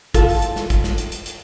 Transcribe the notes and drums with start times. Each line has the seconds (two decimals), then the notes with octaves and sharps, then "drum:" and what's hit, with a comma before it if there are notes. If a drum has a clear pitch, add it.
0.14 F4 A4, drum: kick, hi-hat
0.28 drum: open hi-hat
0.42 drum: hi-hat
0.56 drum: snare
0.70 drum: kick, hi-hat
0.84 drum: snare
0.98 drum: hi-hat
1.12 drum: hi-hat
1.26 drum: hi-hat